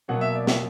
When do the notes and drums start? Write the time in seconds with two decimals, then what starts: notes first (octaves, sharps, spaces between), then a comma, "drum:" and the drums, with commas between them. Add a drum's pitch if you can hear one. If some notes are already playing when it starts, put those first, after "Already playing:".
0.08 B2 F#3 A#3 C#4 F#5
0.21 E5
0.35 D5
0.47 E5, drum: snare